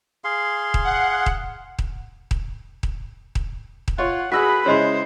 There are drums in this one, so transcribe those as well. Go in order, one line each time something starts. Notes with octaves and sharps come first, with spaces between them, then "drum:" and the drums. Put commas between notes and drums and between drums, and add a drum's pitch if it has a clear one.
G#4 F5 C6
drum: kick D#1
F#5
drum: kick D#1
drum: kick D#1
drum: kick D#1
drum: kick D#1
drum: kick D#1
drum: kick D#1
F4 C#5 F#5
F#4 G#4 B4 B5 E6 F#6 A#6 B6
C#3 G#3 E4 C5 C#5 D#5 C6